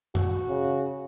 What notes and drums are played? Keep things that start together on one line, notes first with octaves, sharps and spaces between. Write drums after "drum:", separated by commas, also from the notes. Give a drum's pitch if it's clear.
F#4, drum: tom F#2
C#3